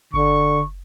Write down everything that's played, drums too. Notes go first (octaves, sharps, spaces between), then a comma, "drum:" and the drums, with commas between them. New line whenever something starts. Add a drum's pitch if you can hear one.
D3 C#6, drum: kick G1